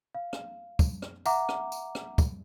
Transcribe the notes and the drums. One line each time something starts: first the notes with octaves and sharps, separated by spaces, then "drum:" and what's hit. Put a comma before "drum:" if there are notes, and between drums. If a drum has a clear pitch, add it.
F5
drum: rim click
drum: kick, tambourine
drum: rim click
E5 F#5 A#5 D6, drum: tambourine
drum: rim click
drum: tambourine
drum: rim click
drum: kick, tambourine